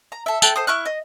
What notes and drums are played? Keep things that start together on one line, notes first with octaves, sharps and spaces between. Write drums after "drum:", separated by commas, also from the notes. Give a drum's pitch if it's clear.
A#5
A4 E5
A4 G5 F#6, drum: tambourine
A4 C5 D#6
E4 C#6 F6 F#6
D#5